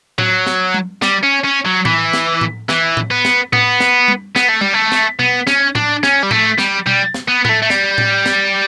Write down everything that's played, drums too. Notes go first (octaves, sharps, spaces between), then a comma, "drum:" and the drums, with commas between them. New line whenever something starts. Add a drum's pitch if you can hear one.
F#3, drum: tom A2
drum: snare
drum: tom G3
G3, drum: snare
C#4
C#4
F#3
E3, drum: tom A2
drum: snare
drum: tom A2
E3, drum: snare
drum: tom A2
B3
drum: snare
B3, drum: tom A2
drum: snare
drum: tom G3
B3, drum: snare
A3
G3, drum: tom G3
A3
drum: snare
B3, drum: tom B2
C#4, drum: snare
D4, drum: tom A2
C#4, drum: snare
G3
A3, drum: tom A2
G3, drum: snare
G3, drum: tom B2
drum: snare
B3
B3, drum: tom A2
A3
A3
G3, drum: snare
drum: tom A2
drum: snare